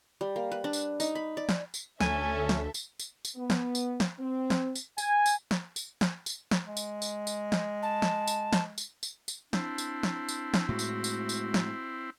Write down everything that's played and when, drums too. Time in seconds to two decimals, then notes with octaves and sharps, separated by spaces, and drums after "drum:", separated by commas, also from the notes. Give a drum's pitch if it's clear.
0.21 G3
0.36 A#3
0.52 B4
0.64 D4
0.73 drum: tambourine
1.00 D#4, drum: tambourine
1.15 B5
1.37 D5
1.49 drum: snare
1.74 drum: tambourine
2.00 D2 C#4 A4 E5 G#5, drum: snare
2.49 drum: snare
2.74 drum: tambourine
2.99 drum: tambourine
3.25 drum: tambourine
3.36 B3
3.50 drum: snare
3.75 drum: tambourine
4.00 drum: snare
4.19 C4
4.50 drum: snare
4.75 drum: tambourine
4.98 G#5, drum: tambourine
5.26 drum: tambourine
5.51 drum: snare
5.76 drum: tambourine
6.01 drum: snare
6.26 drum: tambourine
6.51 drum: snare
6.66 G#3
6.77 drum: tambourine
7.02 drum: tambourine
7.27 drum: tambourine
7.52 drum: snare
7.83 A5
8.02 drum: snare
8.27 drum: tambourine
8.53 drum: snare
8.78 drum: tambourine
9.03 drum: tambourine
9.28 drum: tambourine
9.53 C4 D4 E4, drum: snare
9.78 drum: tambourine
10.03 drum: snare
10.28 drum: tambourine
10.54 drum: snare
10.69 A2 G#3 F#4
10.79 drum: tambourine
11.04 drum: tambourine
11.29 drum: tambourine
11.54 drum: snare